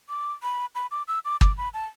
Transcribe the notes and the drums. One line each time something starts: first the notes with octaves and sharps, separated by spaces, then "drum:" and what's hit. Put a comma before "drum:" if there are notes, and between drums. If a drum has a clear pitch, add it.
D6
B5
B5
D6
E6
D6
D6, drum: kick
B5
A5